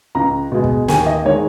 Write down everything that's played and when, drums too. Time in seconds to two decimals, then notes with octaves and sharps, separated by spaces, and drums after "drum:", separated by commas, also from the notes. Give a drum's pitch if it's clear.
0.15 C#2 A#5
0.52 B2 G#3
0.64 drum: kick
0.88 D#2 G#5, drum: snare
1.06 D#5
1.25 D#3 G#3 C#5